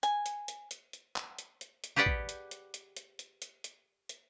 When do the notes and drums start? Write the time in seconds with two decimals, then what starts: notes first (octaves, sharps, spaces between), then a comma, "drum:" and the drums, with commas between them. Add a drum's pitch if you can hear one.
0.03 G#5, drum: hi-hat
0.26 drum: hi-hat
0.48 drum: hi-hat
0.71 drum: hi-hat
0.93 drum: hi-hat
1.16 drum: clap
1.39 drum: hi-hat
1.61 drum: hi-hat
1.84 drum: hi-hat
1.96 G4 G#4 B4 D5 F#5 G5
2.06 drum: kick A1
2.29 drum: hi-hat
2.51 drum: hi-hat
2.74 drum: hi-hat
2.97 drum: hi-hat
3.19 drum: hi-hat
3.42 drum: hi-hat
3.64 drum: hi-hat
4.09 drum: hi-hat